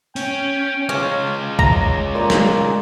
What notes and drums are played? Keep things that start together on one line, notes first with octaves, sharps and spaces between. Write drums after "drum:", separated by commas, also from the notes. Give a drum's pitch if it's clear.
C#4 G5, drum: open hi-hat
G#3 C#4 F4
C#5 A#5, drum: kick C2
A#2
drum: snare